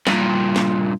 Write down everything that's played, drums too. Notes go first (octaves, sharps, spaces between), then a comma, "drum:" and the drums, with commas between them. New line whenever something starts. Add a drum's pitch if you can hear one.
G2 A#2, drum: snare
drum: snare